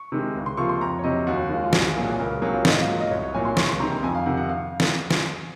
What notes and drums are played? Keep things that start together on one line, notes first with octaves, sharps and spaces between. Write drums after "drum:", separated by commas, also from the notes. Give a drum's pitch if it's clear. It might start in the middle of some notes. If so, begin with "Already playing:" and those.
Already playing: C#6
C3 D#3 G#3
C#2
C6
C3 F3 A#3 C#6
C6
F2 A#5
C#5
C3 F#3 D#5
D#2 F#4
D#3 G#3 F4
F4
C2 F#4, drum: snare
G#4
A#2 F#3 A#3
G#4
C#2 A#4
C3 F#3 A#3 G#4
F4
G#2 D#4, drum: snare
F4
F#3 A#3
D#5
C2 C#5
C#5
A#2 F#3 A#3 G#5
C6
C#2 C#6, drum: snare
C6
C3 D#3 A#5
A#5
F2 G#5
F5
C3 D#3 F#5
F#5
F5
drum: snare
drum: snare